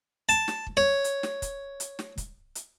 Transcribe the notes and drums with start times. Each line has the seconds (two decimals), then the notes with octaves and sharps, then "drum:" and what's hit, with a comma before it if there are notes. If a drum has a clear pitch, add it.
0.29 A5, drum: hi-hat
0.48 drum: snare
0.67 drum: kick
0.77 C#5
1.04 drum: hi-hat
1.23 drum: snare
1.42 drum: kick, hi-hat
1.80 drum: hi-hat
1.99 drum: snare
2.18 drum: kick, hi-hat
2.55 drum: hi-hat